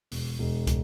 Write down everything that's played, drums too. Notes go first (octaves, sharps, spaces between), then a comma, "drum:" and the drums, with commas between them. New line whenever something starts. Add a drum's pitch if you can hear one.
E1, drum: open hi-hat
E1
drum: kick, hi-hat